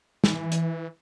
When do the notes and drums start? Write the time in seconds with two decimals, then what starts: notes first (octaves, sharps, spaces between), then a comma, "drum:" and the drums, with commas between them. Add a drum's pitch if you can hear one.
0.24 E3, drum: snare
0.52 drum: hi-hat